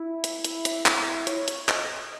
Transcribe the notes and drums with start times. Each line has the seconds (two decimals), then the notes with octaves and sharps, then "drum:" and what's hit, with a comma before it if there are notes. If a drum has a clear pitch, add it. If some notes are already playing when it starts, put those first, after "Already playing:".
Already playing: E4
0.24 drum: hi-hat
0.45 drum: hi-hat
0.65 drum: hi-hat
0.86 E4, drum: clap
1.27 C#5, drum: hi-hat
1.48 drum: hi-hat
1.69 D#5, drum: clap